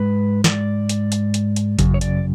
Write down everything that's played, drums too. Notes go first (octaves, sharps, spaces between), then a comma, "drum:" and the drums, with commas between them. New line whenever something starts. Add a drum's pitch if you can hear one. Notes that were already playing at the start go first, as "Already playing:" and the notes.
Already playing: G#2 G#3 B4
D5, drum: snare
drum: hi-hat
drum: hi-hat
drum: hi-hat
drum: hi-hat
F#2 C#3, drum: kick G#1, hi-hat
C#5
D5, drum: hi-hat